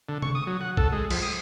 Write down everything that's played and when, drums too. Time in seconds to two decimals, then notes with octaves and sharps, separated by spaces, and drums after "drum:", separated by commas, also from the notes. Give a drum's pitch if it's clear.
0.09 D3
0.22 C#6, drum: tom C3
0.35 D#6
0.47 F#3
0.61 F#5
0.77 A4, drum: kick A#1
0.93 G#3
1.11 F3, drum: cymbal
1.22 D#6